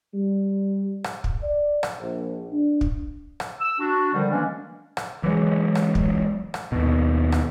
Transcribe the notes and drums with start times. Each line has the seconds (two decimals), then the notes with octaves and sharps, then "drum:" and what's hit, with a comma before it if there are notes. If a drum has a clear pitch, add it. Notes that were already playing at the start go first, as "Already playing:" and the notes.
0.14 G3
1.04 drum: rim click
1.24 drum: kick
1.43 D5
1.83 drum: rim click
1.99 A#1
2.53 D4
2.81 drum: kick
3.40 drum: rim click
3.61 E6
3.79 D4 F#4
4.14 D3 D#3 F3 G3
4.31 E3 F#3 G#3 A#3 C#4 D4
4.97 drum: rim click
5.23 E3 F#3 G#3
5.75 drum: rim click
5.95 drum: kick
6.54 drum: rim click
6.72 D#2 B2
7.32 drum: rim click